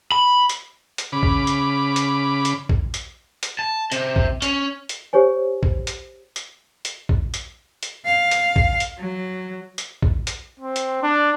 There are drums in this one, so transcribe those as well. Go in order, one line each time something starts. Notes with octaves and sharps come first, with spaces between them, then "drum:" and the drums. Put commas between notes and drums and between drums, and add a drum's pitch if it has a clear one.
B5
drum: hi-hat
drum: hi-hat
C#3 B5 D6
drum: kick A#1
drum: hi-hat
drum: hi-hat
drum: hi-hat
drum: kick A#1
drum: hi-hat
drum: hi-hat
A5
C3, drum: hi-hat
drum: kick A#1
C#4, drum: hi-hat
drum: hi-hat
G4 C5 C#5 G#5
drum: kick A#1
drum: hi-hat
drum: hi-hat
drum: hi-hat
drum: kick A#1
drum: hi-hat
drum: hi-hat
F5
drum: hi-hat
drum: kick A#1
drum: hi-hat
F#3
drum: hi-hat
drum: kick A#1
drum: hi-hat
C4
drum: hi-hat
D4